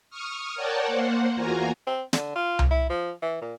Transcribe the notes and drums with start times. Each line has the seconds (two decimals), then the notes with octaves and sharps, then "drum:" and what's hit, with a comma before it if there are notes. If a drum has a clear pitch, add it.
0.10 C#6 D#6 F6
0.55 A#4 C#5 D5 F#5 G5 A5
0.87 A#3 C5 F#5
1.36 E2 A#3 F4 F#4 G#5 A#5
1.87 C4
2.13 D3, drum: snare
2.35 F4
2.59 drum: tom C2
2.71 E4
2.90 F3
3.22 E3
3.41 A#2